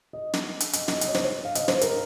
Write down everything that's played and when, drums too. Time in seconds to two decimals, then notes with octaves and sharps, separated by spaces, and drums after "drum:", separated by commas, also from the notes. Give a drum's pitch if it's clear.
0.13 D#5
0.33 drum: snare
0.60 drum: hi-hat
0.73 D#5, drum: hi-hat
0.88 D#5, drum: snare
1.01 D#5, drum: hi-hat
1.08 C#5
1.14 C5, drum: snare
1.22 C#5
1.45 F5
1.55 D#5, drum: hi-hat
1.68 C5, drum: snare
1.81 A#4, drum: hi-hat